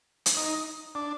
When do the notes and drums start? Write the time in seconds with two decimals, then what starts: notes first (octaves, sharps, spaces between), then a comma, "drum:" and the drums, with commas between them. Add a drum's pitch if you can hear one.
0.26 drum: hi-hat
0.37 D#4
0.95 D4